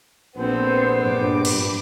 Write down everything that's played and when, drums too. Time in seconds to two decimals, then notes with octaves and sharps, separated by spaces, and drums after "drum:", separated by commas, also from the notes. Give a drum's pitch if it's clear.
0.37 A#1 B3 C4 A4 C5
1.03 G2 D6
1.45 drum: cymbal